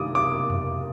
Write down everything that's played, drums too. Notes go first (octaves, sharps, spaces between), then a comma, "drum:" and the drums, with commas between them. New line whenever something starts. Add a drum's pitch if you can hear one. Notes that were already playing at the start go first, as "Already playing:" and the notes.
Already playing: D#3 G3 D6 D#6
D6
drum: tom F2